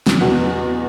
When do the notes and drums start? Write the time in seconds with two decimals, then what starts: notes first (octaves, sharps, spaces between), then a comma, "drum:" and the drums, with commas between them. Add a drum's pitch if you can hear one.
0.07 drum: snare
0.20 E2 B2 F#3 B3